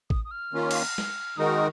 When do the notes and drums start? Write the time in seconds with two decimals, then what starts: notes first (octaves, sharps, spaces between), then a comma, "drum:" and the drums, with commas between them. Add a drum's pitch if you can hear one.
0.10 D#6, drum: kick
0.25 D#6
0.31 F6
0.53 D#3 A#3 C#4 F4
0.71 drum: cymbal
0.98 drum: snare
1.37 D#3 G#3 D#4 F#4 A#4 D#6